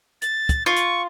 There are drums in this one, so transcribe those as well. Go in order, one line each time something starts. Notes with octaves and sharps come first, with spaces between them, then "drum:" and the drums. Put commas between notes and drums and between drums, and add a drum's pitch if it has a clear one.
A6, drum: hi-hat
drum: kick, hi-hat
F4 C#6
drum: hi-hat